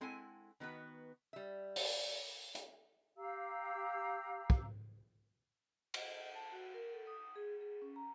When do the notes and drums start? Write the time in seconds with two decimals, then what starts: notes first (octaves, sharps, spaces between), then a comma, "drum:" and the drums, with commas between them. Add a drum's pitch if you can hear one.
0.01 G#3 C4 E4 A4 F#5 G#5
0.60 D#3 B3 F#4 B4
1.33 G3 E5
1.76 D5, drum: open hi-hat
2.55 drum: hi-hat
3.17 G4 F5 A#5 E6
4.50 drum: kick
5.94 D#5, drum: cymbal
6.35 A5
6.52 F#4
6.74 A#4
6.93 A4
7.07 D#6
7.36 G#4
7.61 G#4
7.82 C#4
7.96 A#5